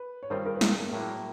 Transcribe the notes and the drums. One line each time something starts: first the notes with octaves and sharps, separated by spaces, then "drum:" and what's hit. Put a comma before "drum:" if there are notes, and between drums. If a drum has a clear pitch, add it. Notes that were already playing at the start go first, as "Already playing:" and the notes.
Already playing: B4
C#5
G2 D#3 G3 C4 F4 A#4 C5
G#4 A#4
B4
G#4 A#4, drum: snare
A2 F#3 A#3